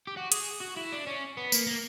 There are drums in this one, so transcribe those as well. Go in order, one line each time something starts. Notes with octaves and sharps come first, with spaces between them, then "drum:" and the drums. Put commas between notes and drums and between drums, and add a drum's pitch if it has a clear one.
G4
F#4
G#4, drum: hi-hat
F#4
E4
D4
C#4
B3
A#3, drum: tambourine
A#3